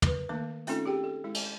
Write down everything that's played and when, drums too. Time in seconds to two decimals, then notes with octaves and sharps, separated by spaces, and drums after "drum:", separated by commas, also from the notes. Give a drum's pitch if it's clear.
0.02 A#4 B4, drum: tom
0.29 D#3 A3 A#3 D4 D6
0.67 A3 C4 C#4 D#4 F4 A4, drum: hi-hat
0.86 G4 G#4 G5
1.04 A4
1.24 G#3 E4
1.35 drum: cymbal